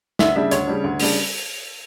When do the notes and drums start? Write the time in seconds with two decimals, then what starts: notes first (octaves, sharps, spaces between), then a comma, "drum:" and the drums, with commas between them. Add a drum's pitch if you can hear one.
0.19 D2 E5, drum: snare
0.36 C#3 G3 D4 E5
0.51 D2 C#5, drum: hi-hat
0.67 C#3 G3 D4
0.84 D2
0.99 C#3 G3 D4, drum: open hi-hat